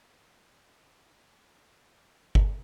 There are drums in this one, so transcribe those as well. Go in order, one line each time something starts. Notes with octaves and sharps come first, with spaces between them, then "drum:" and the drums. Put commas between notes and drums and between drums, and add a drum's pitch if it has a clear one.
C4 E5
D6
F4 G#5
drum: kick G1